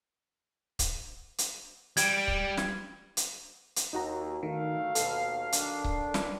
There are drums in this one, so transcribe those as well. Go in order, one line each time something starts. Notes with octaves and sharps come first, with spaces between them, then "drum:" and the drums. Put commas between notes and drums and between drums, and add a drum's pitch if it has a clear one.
drum: kick C#1, hi-hat
drum: hi-hat
G3 G#6 D7, drum: hi-hat
drum: kick C#1
drum: snare
drum: hi-hat
drum: hi-hat
D#2 D#4 F#4 A#5
G2 D#3 A3 F5
D#2 B2 A4 C7, drum: hi-hat
D#3 D4, drum: hi-hat
drum: kick C#1
drum: snare